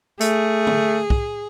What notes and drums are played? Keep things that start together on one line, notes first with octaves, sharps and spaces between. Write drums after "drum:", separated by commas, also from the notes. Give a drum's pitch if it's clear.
A3 G#4, drum: hi-hat
drum: tom D3
drum: kick